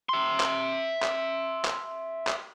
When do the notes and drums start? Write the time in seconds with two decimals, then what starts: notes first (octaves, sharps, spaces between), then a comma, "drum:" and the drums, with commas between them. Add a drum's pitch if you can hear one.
0.09 E5 C6
0.40 drum: clap
1.03 drum: clap
1.65 drum: clap
2.27 drum: clap